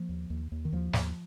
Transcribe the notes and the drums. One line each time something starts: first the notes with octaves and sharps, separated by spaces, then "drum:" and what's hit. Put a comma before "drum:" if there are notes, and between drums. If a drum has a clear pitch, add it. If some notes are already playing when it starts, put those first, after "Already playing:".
Already playing: F3 A#3
D#2
D#2
D#2
D#3
D#2 F3
D#2, drum: snare